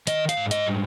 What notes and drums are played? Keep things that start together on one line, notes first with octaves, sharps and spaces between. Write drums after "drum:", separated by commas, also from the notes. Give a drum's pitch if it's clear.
D#3 D#5, drum: hi-hat
F5, drum: hi-hat
G#2
D#5, drum: hi-hat
G3